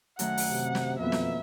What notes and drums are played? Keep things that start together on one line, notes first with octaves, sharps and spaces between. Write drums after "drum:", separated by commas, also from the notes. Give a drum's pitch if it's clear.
F#2 D#3 A3 F#5, drum: hi-hat
drum: open hi-hat
C3
drum: snare
F2 B2 A#3 B3 E5
drum: snare